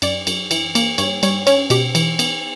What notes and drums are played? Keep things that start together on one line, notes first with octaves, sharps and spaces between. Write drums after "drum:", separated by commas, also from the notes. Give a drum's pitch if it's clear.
F#2 D5, drum: cymbal
F#2, drum: cymbal
E3, drum: cymbal
A#3, drum: cymbal
G2 C#5, drum: cymbal
G3 C#5, drum: cymbal
C#4 C#5, drum: cymbal
B2 G4, drum: cymbal
E3, drum: cymbal
B3, drum: cymbal